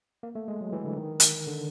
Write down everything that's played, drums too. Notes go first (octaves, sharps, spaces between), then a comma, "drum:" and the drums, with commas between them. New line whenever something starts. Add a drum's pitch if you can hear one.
A#3
A3
G#3
F#3
E3
D3
D#3
drum: hi-hat
D3